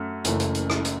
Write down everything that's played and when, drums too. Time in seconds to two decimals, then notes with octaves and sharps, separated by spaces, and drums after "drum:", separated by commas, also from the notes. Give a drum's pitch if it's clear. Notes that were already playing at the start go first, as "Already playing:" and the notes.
Already playing: F#2 A3
0.25 F#1 F#2 E3 A3, drum: hi-hat
0.40 drum: hi-hat
0.55 drum: hi-hat
0.70 drum: rim click
0.85 drum: hi-hat